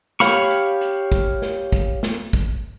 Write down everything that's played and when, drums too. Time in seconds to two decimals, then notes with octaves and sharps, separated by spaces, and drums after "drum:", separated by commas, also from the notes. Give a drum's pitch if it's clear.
0.20 G4 C#5 F5 B5 C#6, drum: snare
0.51 drum: hi-hat
0.81 drum: hi-hat
1.12 drum: kick, hi-hat
1.42 drum: snare
1.72 drum: kick, hi-hat
2.03 drum: snare
2.33 drum: kick, hi-hat